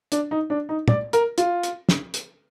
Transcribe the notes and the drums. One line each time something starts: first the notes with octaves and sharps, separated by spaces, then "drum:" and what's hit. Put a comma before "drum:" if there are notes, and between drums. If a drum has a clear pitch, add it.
D4, drum: hi-hat
D#4
D4
D#4
D5, drum: tom
A#4, drum: hi-hat
F4, drum: hi-hat
drum: hi-hat
drum: snare
drum: hi-hat